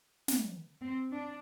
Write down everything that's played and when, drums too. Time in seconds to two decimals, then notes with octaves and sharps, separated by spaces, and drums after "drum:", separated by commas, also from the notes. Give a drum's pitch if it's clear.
0.28 drum: snare
0.81 C4
1.11 D4